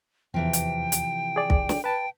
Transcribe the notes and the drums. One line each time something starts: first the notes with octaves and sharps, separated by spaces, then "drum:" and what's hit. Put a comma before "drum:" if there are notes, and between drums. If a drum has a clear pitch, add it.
E2 C3 E3 F3 G5
drum: hi-hat
drum: hi-hat
G#4 D5
drum: kick
drum: snare
B4 G5 A5